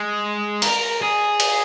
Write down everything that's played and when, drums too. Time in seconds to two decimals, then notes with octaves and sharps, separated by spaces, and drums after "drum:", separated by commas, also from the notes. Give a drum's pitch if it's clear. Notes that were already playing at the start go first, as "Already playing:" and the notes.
Already playing: G#3
0.62 A#4, drum: cymbal
1.02 G#4
1.40 drum: cymbal